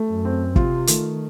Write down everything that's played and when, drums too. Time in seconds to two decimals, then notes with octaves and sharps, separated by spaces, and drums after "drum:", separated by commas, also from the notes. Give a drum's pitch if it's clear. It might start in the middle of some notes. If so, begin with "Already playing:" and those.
Already playing: A3
0.08 F#2
0.25 C4
0.56 C3 F4, drum: kick
0.87 D#3 A3, drum: hi-hat